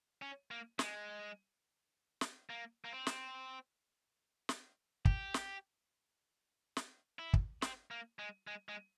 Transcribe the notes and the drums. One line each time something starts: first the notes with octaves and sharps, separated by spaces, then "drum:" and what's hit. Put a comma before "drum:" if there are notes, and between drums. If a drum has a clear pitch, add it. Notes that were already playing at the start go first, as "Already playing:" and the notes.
C#4
A#3
G#3, drum: snare
drum: snare
A#3
A#3
C4
drum: snare
drum: snare
G4, drum: kick
drum: snare
drum: snare
E4
drum: kick
C4, drum: snare
A#3
G#3
G#3
G#3